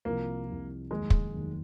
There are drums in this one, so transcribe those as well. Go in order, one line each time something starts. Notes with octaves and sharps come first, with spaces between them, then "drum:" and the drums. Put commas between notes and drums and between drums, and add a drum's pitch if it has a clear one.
C2 C3 F3 A#3
C2 C3 F3
F1 D#2 D#3 F#3 G#3
drum: kick
F1 D#2 D#3 F#3